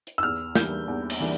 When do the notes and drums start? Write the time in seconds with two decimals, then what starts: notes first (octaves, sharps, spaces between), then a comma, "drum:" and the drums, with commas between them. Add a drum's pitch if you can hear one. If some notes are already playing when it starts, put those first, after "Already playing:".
0.07 drum: hi-hat
0.18 E6
0.23 E2 F6
0.55 E3 G3 A#3 D4 G6, drum: snare
0.88 E2
1.10 drum: cymbal
1.20 E3 G3 A#3 D4